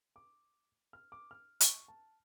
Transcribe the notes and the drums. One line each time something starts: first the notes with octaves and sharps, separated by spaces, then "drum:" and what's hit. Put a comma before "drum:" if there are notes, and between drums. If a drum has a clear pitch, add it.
D6
F6
D6
F6
C#6, drum: hi-hat
A5